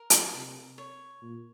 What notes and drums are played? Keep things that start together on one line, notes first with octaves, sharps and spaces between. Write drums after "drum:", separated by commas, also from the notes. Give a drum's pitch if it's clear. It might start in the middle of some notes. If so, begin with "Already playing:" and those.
Already playing: A#4
drum: hi-hat
C3
C#5
A#2